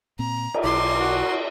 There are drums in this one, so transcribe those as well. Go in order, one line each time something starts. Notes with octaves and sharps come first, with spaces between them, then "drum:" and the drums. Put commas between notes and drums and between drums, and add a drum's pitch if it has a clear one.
A#2 C4 A#5
drum: cymbal
B1 C6 D6
F#4